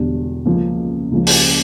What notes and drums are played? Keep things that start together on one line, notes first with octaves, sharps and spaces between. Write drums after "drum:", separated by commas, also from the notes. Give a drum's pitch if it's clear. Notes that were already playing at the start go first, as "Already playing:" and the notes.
Already playing: E1 E2 D3 G3 D4
C#2 C#3 F3 A#3
C#2 C#3 F3 A#3
drum: open hi-hat